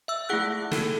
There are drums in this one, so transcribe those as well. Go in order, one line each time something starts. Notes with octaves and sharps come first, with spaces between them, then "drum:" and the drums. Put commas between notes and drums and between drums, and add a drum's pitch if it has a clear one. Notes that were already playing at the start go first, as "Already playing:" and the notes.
E5 E6
A3 E4 G#4 F#5 F#6
D#4 F#4 A4, drum: snare